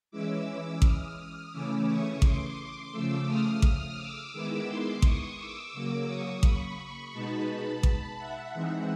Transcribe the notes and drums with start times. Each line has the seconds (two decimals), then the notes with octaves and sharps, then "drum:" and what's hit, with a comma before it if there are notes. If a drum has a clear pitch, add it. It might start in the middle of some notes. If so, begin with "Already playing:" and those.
0.11 E3 G#3 C#4 E4 D6 E6
0.82 D#6 F6, drum: kick A1
1.52 C#3 E3 A3 C#4 E4 D6 E6
1.87 C#6 D#6
2.22 C6 D6, drum: kick A1
2.92 C#3 F3 A3 D6 E6
3.27 D#6 F6
3.62 drum: kick A1
3.97 D6 E6
4.33 D#3 G#3 B3 E4
4.68 C6 D6
5.02 C#6 D#6, drum: kick A1
5.38 D6 E6
5.73 C#3 F#3 A#3
6.08 C#6 D#6
6.43 B5 C#6, drum: kick A1
7.13 B2 G#3 B3 D#4 A5 B5
7.83 A5 B5, drum: kick A1
8.18 E5 F#5
8.54 E3 G#3 C4 D#4